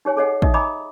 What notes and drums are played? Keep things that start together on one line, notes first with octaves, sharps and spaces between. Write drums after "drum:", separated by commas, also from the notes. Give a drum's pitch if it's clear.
D#4 G4 C#5 G#5
G#4 A4 C#5 D#5 F#5 G#5
D#4 D#5 E5 D#6, drum: kick
D#5 G#5 A#5 B5 D6 D#6